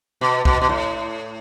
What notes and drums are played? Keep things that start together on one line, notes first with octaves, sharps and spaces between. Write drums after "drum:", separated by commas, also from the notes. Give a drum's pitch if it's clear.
B2
B2, drum: kick B1
B2
A2